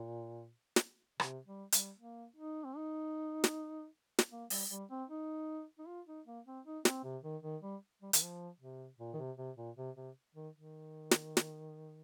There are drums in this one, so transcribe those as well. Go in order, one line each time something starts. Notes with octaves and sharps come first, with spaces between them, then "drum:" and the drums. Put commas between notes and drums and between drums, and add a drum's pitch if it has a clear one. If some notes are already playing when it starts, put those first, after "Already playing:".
Already playing: A#2
drum: snare
C3, drum: rim click
G3
G3, drum: hi-hat
A#3
D#4
C4
D#4
drum: snare
drum: snare
A#3
G3, drum: open hi-hat
G3
C4
D#4
D#4
F4
D#4
A#3
C4
D#4
C4, drum: snare
C3
D#3
D#3
G3
G3
D#3, drum: hi-hat
F3
C3
A#2
D#3
C3
C3
A#2
C3
C3
D#3
D#3
drum: snare
drum: snare